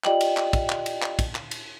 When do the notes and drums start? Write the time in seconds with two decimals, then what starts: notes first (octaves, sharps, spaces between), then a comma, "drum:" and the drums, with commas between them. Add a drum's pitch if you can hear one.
0.04 F4 G4 D5 D#5 G5 F#7, drum: clap
0.21 drum: cymbal
0.37 drum: clap
0.53 drum: kick, cymbal
0.70 drum: clap
0.86 drum: cymbal
1.02 drum: clap
1.19 drum: kick, cymbal
1.35 drum: clap
1.51 drum: cymbal